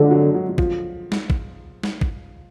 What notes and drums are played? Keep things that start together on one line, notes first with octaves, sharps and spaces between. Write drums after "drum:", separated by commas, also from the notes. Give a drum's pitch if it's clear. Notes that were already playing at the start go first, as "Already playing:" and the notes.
Already playing: D3 F3 F#3 G#3
F#3
F#3
F#3
F3, drum: kick
drum: snare
drum: kick
drum: snare
drum: kick